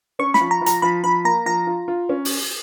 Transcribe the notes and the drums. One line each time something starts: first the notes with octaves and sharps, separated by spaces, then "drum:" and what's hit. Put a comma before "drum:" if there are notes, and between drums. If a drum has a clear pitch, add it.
C#4 C#6
B5, drum: snare
F3
A#5
F3
A#5, drum: hi-hat
F3 B5
F3 B5
A#3 A#5
F3 A#5
F4
F4
C#4
drum: open hi-hat